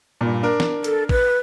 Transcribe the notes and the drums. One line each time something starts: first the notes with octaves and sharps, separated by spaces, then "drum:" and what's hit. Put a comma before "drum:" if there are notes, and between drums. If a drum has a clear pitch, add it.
G2 A#2
D4 A#4
drum: snare
A4, drum: hi-hat
B4, drum: kick A1